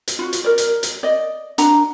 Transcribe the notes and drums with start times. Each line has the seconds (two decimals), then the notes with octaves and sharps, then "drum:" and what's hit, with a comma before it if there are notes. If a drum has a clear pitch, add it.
0.08 drum: hi-hat
0.19 F4 F#4
0.33 drum: hi-hat
0.44 A#4 D5
0.58 drum: hi-hat
0.83 drum: hi-hat
1.03 D5 D#5
1.58 D4 F#5 A#5, drum: hi-hat